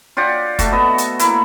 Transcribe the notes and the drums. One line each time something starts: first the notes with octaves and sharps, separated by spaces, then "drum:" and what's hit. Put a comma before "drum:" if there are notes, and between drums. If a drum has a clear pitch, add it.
F4 G4 D5 F#5
A3 F#4, drum: kick, hi-hat
B3 D#5 E5
drum: hi-hat
A#3 E4, drum: hi-hat